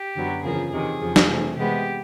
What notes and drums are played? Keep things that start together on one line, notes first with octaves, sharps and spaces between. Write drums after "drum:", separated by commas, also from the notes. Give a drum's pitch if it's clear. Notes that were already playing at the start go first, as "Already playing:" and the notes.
Already playing: G4
F#2 D3 F#3 B3
E2 C#3 F3 A#3 G#4
E2 C3 D#3 G#4
F2 C#3 F3
drum: snare
C3 E3 A3 C4
C3 E3 G#3 B3 G4